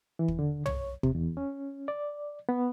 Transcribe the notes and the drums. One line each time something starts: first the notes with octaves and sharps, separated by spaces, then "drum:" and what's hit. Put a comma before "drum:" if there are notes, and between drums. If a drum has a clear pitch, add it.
E3
drum: kick
D3
C#5, drum: tom
C3, drum: kick
E2
C#4
D5
B3